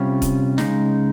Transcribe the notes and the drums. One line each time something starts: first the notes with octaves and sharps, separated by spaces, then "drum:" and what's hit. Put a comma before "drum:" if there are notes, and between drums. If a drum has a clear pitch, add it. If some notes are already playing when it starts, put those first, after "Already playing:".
Already playing: C3 G3 C#4 F4
drum: kick E1, hi-hat
C#3 G#3 D#4, drum: snare